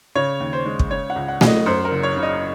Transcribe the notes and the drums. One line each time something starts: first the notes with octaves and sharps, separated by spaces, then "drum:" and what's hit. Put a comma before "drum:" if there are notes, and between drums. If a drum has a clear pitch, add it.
C#3 C#5
D#2
C5
G#3
drum: kick
C#3 C#5
F#5
C#2
F#5
F#3, drum: snare A3
D#5
F#2 C5
A#4
F#1
C#5
C#3
D#5